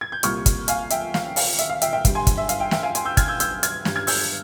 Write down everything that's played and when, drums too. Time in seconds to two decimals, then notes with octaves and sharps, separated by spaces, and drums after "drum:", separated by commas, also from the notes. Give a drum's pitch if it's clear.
0.01 G#6
0.12 G6
0.23 C2 A#2 G3 C#6 F6, drum: hi-hat
0.46 drum: kick, hi-hat
0.68 F5 G#5, drum: hi-hat
0.90 E5 G5, drum: hi-hat
1.14 F5, drum: snare
1.36 F5, drum: open hi-hat
1.58 E5, drum: hi-hat
1.70 F5
1.82 E5 G5, drum: hi-hat
1.93 E5 G5
2.05 G2 G3, drum: kick, hi-hat
2.15 G#5 C6
2.27 drum: kick, hi-hat
2.37 E5
2.49 F5, drum: hi-hat
2.60 E5 G5
2.71 E5 G5, drum: snare
2.83 F5 G#5
2.95 G#5 C6, drum: hi-hat
3.05 E6 G6
3.17 F6 G#6, drum: kick, hi-hat
3.28 E6 G6
3.40 E6 G6, drum: hi-hat
3.63 F6 G#6, drum: hi-hat
3.85 G2 G3, drum: snare
3.96 F6 G#6
4.07 E6 G6, drum: open hi-hat